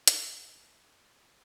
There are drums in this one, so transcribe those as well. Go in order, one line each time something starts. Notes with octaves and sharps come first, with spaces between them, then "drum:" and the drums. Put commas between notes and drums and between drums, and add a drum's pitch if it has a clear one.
A#2 D#5 F#5, drum: hi-hat
C6
F#5 A#5
G#3 C4
F#5 A#5
C#5
F3 G#4 C5
G#3 G#4 C5